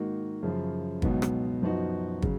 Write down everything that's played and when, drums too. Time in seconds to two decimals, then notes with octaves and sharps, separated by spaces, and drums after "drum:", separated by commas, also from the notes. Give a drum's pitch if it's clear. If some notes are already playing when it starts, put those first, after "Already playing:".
Already playing: G#2 D#3 A#3 D#4 F#4
0.43 F#2 C#3 F3
1.02 C#2 B2 F#3 B3 D#4, drum: kick
1.22 drum: rim click
1.62 F#2 F3 B3 D#4 F#4
2.22 C#3 F#3, drum: kick